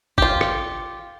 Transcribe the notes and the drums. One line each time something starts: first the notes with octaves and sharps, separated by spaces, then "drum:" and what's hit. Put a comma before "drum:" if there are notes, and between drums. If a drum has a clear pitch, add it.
F4 G4, drum: kick
drum: rim click